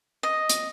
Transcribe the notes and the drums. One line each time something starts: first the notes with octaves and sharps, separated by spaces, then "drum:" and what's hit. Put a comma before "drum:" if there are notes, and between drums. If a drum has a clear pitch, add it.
D#5
drum: hi-hat